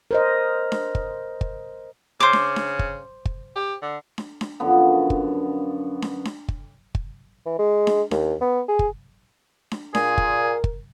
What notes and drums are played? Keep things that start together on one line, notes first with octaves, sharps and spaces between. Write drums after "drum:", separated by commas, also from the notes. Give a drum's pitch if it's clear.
A#4 C5 D#5
drum: snare D4
drum: kick
drum: kick
C#3 C5 D6
drum: snare D4
drum: snare D4
drum: kick
drum: kick
G4
D3
drum: snare D4
drum: snare D4
F#2 D3 F3 B3
drum: kick
drum: snare D4
drum: snare D4
drum: kick
drum: kick
E3
G#3
drum: snare D4
D#2, drum: snare D4
B3
G#4
drum: kick
drum: snare D4
A#2 G#4 A#4, drum: snare D4
drum: kick
drum: kick